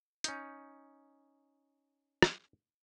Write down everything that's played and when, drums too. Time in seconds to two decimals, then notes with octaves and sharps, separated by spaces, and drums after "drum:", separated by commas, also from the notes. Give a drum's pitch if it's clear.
0.24 C#4 D#4 G6, drum: hi-hat
2.22 drum: rim click